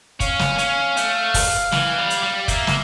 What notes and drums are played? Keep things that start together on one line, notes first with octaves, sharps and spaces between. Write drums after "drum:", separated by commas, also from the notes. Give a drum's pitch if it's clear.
C#4 F5, drum: kick, hi-hat
drum: snare
C#4, drum: hi-hat
A3, drum: hi-hat
drum: kick, open hi-hat
E3, drum: snare
G3
drum: hi-hat
G3
D5
A#3 E5, drum: kick, hi-hat
drum: snare